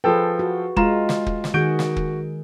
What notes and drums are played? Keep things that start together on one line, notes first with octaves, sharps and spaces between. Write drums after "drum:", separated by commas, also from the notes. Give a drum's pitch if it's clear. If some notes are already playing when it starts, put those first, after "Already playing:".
F3 G#4 A4 B4 G5
F#4
G#3 F4 A#5 E7, drum: kick
drum: snare
drum: kick
drum: snare
D#3 F#4 G#4 G6 D7
drum: snare
drum: kick